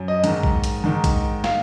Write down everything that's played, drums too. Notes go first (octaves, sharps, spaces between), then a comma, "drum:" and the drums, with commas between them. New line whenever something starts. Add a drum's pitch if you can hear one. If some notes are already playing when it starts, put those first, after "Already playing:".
Already playing: F#2
D#5
G#2 D#3, drum: hi-hat
drum: kick A#1
drum: hi-hat
G#2 D#3
drum: kick A#1, hi-hat
F5, drum: snare